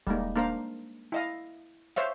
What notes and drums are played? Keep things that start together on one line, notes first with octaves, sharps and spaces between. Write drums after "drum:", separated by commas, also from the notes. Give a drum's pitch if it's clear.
G3 G#3 A#3 D#4, drum: kick D#1
A#3 D4 A#4 C5 F5, drum: hi-hat
E4 D#5 F5
C5 C#5 E5 F5, drum: snare